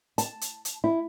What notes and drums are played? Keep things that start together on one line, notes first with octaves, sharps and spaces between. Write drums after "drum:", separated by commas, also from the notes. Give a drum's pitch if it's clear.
A5, drum: hi-hat
drum: hi-hat
drum: hi-hat
E4